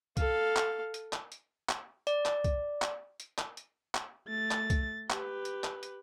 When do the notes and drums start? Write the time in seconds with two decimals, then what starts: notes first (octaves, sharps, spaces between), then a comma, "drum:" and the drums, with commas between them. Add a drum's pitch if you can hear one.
0.17 A4 F5, drum: kick C2, hi-hat
0.56 drum: clap
0.94 drum: hi-hat
1.13 drum: clap
1.32 drum: hi-hat
1.69 drum: clap
2.07 D5, drum: hi-hat
2.26 drum: clap
2.44 drum: kick C2, hi-hat
2.82 drum: clap
3.20 drum: hi-hat
3.38 drum: clap
3.57 drum: hi-hat
3.95 drum: clap
4.27 A3 A6
4.51 drum: clap
4.70 drum: kick C2, hi-hat
5.10 G4 B4, drum: clap
5.45 drum: hi-hat
5.64 drum: clap
5.83 drum: hi-hat